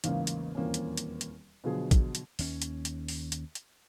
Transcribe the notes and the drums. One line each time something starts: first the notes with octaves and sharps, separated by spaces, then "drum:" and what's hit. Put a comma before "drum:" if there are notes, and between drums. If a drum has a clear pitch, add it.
A1 E2 G#2 C#3 A#3 F5, drum: hi-hat
drum: hi-hat
D#1 E2 A#3 C4 C#4
drum: hi-hat
drum: hi-hat
drum: hi-hat
B2 D3 F3 F#3 B3 G#4
drum: kick, hi-hat
drum: hi-hat
D#2 C#4, drum: open hi-hat
drum: hi-hat
drum: hi-hat
drum: open hi-hat
drum: hi-hat
drum: hi-hat